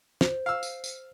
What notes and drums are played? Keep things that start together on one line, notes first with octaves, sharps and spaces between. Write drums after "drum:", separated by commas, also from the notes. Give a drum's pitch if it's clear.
C5, drum: snare
F5 E6
drum: tambourine
drum: tambourine